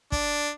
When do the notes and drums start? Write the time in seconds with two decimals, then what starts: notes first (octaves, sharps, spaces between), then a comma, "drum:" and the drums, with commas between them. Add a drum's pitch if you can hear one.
0.12 D4, drum: kick